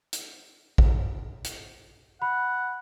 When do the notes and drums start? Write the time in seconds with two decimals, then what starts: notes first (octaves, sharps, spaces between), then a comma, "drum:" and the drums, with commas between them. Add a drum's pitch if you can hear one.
0.13 drum: hi-hat
0.78 drum: kick
1.44 drum: hi-hat
2.22 F#5 B5